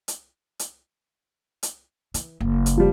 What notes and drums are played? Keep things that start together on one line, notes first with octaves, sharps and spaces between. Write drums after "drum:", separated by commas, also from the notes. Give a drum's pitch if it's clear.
drum: hi-hat
drum: hi-hat
drum: hi-hat
E3, drum: hi-hat
F#1
drum: hi-hat
F3 G3